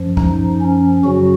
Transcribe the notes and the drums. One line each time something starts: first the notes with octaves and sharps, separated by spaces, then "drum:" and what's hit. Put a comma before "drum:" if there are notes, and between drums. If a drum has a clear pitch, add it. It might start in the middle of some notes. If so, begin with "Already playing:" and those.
Already playing: F#2 F3
D#4, drum: kick C2
C#4
F#2 C#3 F#3 F#4